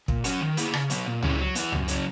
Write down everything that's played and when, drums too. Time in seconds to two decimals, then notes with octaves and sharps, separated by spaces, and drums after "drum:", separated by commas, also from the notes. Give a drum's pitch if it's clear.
0.08 A#2, drum: kick
0.24 F#3 C#4 F#4, drum: hi-hat
0.41 D#3
0.57 A#3 E4 G#4, drum: hi-hat
0.74 C#3, drum: rim click
0.90 F#3 B3, drum: hi-hat
1.07 A#2
1.23 G#3 C#4 E4, drum: tom C#2
1.39 F#3
1.55 B3 E4, drum: hi-hat
1.72 F#2, drum: tom C#2
1.88 C#3 F#3 C#4, drum: hi-hat